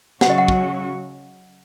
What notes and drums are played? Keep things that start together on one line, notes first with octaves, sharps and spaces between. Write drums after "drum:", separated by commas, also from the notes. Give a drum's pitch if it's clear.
C#3 F#3 C#4 F#4 F#5, drum: snare
D#5
F#5
drum: kick